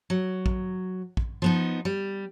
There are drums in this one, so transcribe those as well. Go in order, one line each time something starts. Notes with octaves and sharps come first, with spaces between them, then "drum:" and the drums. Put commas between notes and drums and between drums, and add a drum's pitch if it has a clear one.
F#3
drum: kick
drum: kick
F3 B3 D#4
G3